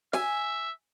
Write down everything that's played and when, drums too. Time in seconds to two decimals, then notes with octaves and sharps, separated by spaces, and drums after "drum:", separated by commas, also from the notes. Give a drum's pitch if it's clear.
0.13 E5 G#5, drum: snare